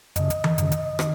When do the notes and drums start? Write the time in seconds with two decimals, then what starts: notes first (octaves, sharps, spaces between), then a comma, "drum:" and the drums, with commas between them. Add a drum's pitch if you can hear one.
0.16 F#2 C#3 D#5, drum: hi-hat
0.30 drum: hi-hat
0.44 drum: tom D#3
0.58 F#2 C#3, drum: hi-hat
0.72 drum: hi-hat
0.99 D#3, drum: rim click